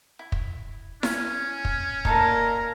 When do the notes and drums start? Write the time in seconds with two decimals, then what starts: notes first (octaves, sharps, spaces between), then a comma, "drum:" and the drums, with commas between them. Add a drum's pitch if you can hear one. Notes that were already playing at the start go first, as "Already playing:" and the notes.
0.19 E4
0.32 drum: kick
1.03 C#4, drum: snare E4
1.65 drum: kick
2.05 A#2 D#4 A4 A#4 F5, drum: kick